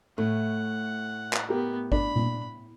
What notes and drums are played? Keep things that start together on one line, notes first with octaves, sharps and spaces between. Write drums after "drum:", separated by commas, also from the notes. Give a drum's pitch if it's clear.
A2 A3 F#5
drum: clap
B3 G4 A#4
D4 B5, drum: kick G#1
drum: tom A#2